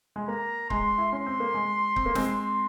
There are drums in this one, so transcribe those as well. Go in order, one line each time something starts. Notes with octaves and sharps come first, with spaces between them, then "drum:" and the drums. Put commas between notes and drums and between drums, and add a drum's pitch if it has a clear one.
G#3
A#3 A#5
G#3 C6, drum: kick C#1
E4
C#4 C6
C4
A#3
G#3
C4, drum: kick C#1
A#3
G#3 C4, drum: snare
C6